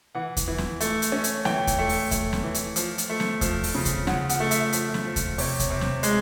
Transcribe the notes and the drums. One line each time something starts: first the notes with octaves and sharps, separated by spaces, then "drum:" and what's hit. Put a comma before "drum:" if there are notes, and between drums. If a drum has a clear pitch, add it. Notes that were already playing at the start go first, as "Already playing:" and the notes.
E3 F#5
drum: kick D#2, hi-hat
E3
drum: snare
A3, drum: hi-hat
drum: hi-hat
C#4
drum: hi-hat
E3 G5, drum: snare
drum: kick D#2, hi-hat
A3
drum: open hi-hat
A3, drum: kick D#2, hi-hat
drum: snare
E3
drum: hi-hat
F3, drum: hi-hat
drum: hi-hat
A3
drum: snare
F3, drum: kick D#2, hi-hat
drum: open hi-hat
C#3
drum: kick D#2, hi-hat
C#3 F#5, drum: snare
F#5, drum: hi-hat
A3
E5, drum: hi-hat
F3, drum: hi-hat
drum: snare
F3
drum: kick D#2, hi-hat
C3 C#5, drum: open hi-hat
drum: kick D#2, hi-hat
C3
drum: snare
G#3, drum: hi-hat